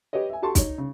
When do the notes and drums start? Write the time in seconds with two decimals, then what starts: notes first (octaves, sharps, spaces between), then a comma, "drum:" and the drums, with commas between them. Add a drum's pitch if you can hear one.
0.13 G4 B4 C#5 D#5
0.30 E5 G#5
0.42 F#4 G4 A4 A5 C6 C#6
0.55 D#4 C#5, drum: kick, hi-hat
0.78 C#3